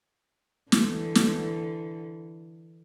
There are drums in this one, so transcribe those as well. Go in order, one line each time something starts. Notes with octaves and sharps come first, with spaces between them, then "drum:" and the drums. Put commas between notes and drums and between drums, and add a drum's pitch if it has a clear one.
D3 E3, drum: snare
drum: snare